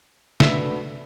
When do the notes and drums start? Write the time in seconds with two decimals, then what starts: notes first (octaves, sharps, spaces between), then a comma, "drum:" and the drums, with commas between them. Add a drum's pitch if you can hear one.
0.40 D3 A3 D4 F#4 B4 E5, drum: snare